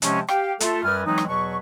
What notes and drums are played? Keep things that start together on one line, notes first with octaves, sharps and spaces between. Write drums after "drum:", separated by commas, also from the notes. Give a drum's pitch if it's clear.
C3 F3 G#3 C4 C#4, drum: hi-hat
G4 F5 G5, drum: rim click
A3 F4 A4, drum: hi-hat
F#2 G3 B4 G#5 F6
E3 F#3 G#3 C4 D#4
drum: rim click
E2 B2 F#3 B4 C#6